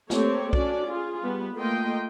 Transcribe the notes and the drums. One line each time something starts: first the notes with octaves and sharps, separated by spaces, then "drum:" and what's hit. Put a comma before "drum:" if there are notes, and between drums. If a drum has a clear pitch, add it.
A3 A#3 C4 G4 C#5, drum: snare
C#4 D4 F#4 D5, drum: kick
F4 G#4
G3 B3
A3 A#3 F4 D#5 G5 C6